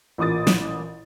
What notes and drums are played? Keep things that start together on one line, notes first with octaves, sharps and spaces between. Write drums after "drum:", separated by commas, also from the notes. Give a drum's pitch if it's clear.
A1 A#2 D6 D#6 A6
drum: snare